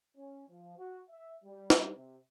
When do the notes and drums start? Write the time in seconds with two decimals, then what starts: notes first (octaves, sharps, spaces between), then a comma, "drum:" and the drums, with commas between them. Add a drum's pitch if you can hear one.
0.16 C#4
0.48 F3
0.77 F#4
1.10 E5
1.44 G3
1.70 drum: snare
1.95 C3